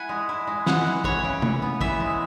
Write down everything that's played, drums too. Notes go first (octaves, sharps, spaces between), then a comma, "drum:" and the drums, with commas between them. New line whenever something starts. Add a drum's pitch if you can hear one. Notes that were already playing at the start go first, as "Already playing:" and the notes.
Already playing: E4 F#5 G#5
G#3
E4
G#3
E3 F#5, drum: snare
E3
E3 C#5, drum: kick
C#3
E3, drum: tom
B3
E3 E5, drum: kick
G#3